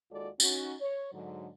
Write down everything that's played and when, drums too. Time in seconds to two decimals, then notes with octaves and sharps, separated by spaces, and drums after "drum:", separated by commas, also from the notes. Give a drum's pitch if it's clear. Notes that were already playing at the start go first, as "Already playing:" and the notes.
0.11 D#2 G#3 F4 F#4 A4 D5
0.40 C#4 D#4 F#4, drum: tambourine
0.80 C#5
1.12 G#2 D3 F#3